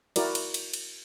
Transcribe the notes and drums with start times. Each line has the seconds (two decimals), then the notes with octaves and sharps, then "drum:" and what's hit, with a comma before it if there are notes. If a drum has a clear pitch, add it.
0.16 E4 F#4 A#4 D5, drum: cymbal
0.35 drum: cymbal
0.54 drum: cymbal
0.73 drum: cymbal